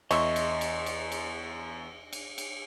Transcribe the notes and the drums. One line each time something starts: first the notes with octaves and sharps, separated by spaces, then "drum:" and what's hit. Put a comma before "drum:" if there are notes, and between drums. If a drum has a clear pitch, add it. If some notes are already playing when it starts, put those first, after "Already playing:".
E2 C#5 D#5 E5 C6 C#6, drum: cymbal
drum: cymbal
drum: cymbal
drum: cymbal
drum: cymbal
drum: cymbal
drum: cymbal